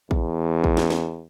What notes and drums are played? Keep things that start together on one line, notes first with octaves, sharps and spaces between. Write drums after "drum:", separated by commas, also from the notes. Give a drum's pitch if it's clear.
E2, drum: kick
drum: kick
drum: snare
drum: snare